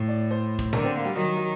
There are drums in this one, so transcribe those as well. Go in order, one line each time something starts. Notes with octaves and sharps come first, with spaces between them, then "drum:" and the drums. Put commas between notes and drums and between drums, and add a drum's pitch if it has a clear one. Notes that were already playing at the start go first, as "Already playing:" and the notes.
Already playing: A2
D5
C5
drum: kick
D3 A#4, drum: tom
C4
A#3
G3
D#3 F#3
F#3